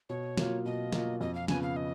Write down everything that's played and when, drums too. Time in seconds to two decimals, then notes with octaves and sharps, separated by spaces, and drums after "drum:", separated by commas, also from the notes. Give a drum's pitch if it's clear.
0.09 B2 C#5
0.37 F#3 A#3 F4, drum: snare
0.66 B2 D#5
0.92 F#3 A#3 F4, drum: snare
1.21 F2 D#5
1.35 F5
1.48 C#3 F3 B3 G#5, drum: snare
1.62 F5
1.76 D#5